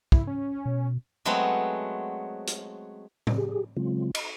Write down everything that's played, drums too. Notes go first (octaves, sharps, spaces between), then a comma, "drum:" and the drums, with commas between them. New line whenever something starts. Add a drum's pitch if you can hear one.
E4, drum: kick
C#4
B2
F#3 G#3 A3 B3 C4
drum: hi-hat
drum: tom A2
G4 G#4
C#3 F#3 G#3 C4 F4
D#5 A#5 B5, drum: cymbal